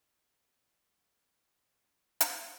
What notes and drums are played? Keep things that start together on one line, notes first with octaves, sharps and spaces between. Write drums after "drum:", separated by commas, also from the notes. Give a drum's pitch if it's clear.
B4 G#5
drum: hi-hat